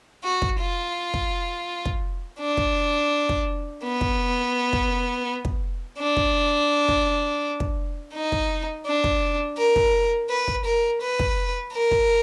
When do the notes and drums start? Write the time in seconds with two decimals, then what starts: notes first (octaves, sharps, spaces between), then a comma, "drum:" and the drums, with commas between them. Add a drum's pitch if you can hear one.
0.24 F#4
0.42 drum: kick
0.60 F4
1.14 drum: kick
1.85 drum: kick
2.40 D4
2.57 drum: kick
3.29 drum: kick
3.83 B3
4.01 drum: kick
4.73 drum: kick
5.45 drum: kick
5.99 D4
6.17 drum: kick
6.88 drum: kick
7.60 drum: kick
8.14 D#4
8.32 drum: kick
8.86 D4
9.04 drum: kick
9.58 A#4
9.76 drum: kick
10.30 B4
10.48 drum: kick
10.65 A#4
11.02 B4
11.19 drum: kick
11.73 A#4
11.91 drum: kick